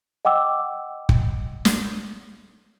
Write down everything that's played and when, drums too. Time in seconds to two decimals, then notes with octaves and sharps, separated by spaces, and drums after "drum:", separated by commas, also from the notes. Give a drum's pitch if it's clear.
0.25 D#5 F#5 G5 D6 E6
1.09 drum: kick
1.65 drum: snare